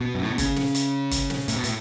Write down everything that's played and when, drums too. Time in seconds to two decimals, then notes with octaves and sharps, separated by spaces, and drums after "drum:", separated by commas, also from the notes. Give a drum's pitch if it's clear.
0.01 B2
0.15 F#2
0.23 A2
0.31 B2
0.38 C#3, drum: kick, hi-hat
0.56 drum: snare
0.75 drum: hi-hat
1.11 drum: kick, hi-hat
1.30 drum: snare
1.48 A2, drum: hi-hat
1.56 B2
1.64 A2, drum: hi-hat